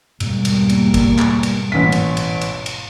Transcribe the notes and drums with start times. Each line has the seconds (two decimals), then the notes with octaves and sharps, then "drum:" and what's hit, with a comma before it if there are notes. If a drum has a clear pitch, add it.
0.20 E2 G#2 B2 G3 A#3, drum: cymbal
0.45 drum: cymbal
0.69 drum: cymbal
0.94 drum: kick, cymbal
1.19 drum: clap
1.43 drum: cymbal
1.72 A1 B6
1.92 drum: cymbal
2.17 drum: cymbal
2.41 drum: cymbal
2.66 drum: cymbal